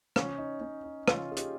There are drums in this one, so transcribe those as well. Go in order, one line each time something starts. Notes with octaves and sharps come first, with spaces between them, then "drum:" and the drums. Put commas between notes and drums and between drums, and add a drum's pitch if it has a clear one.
C#4, drum: rim click
D#4
C#4
D#4
C#4 F4, drum: rim click
G#4
D#4 G4, drum: hi-hat